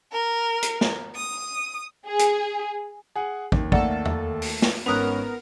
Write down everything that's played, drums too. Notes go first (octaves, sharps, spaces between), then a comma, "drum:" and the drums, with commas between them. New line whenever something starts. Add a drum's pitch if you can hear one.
A#4
drum: hi-hat
drum: snare
D#6
G#4
drum: hi-hat
G#4 F#5 G#5
D#2, drum: kick
A3 A#3 A4 D5 F#5, drum: kick
drum: tom E2
drum: open hi-hat
drum: snare
G#1 B3 C#4 A#4 B4 D#6 F#6 F7